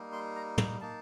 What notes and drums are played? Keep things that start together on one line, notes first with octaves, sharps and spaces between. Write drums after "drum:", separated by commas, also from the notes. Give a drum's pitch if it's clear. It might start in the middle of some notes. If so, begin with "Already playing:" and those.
Already playing: G3 A#3 D#4
C6
A#5
A#5, drum: tom
A#3 D#4 A5